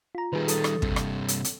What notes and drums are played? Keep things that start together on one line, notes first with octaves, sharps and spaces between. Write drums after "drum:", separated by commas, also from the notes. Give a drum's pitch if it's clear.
F4 A#5
D#3 G3 G#4 B4
A4 D#6 A6, drum: hi-hat
drum: rim click
G2 C3, drum: kick
drum: rim click
drum: hi-hat
drum: hi-hat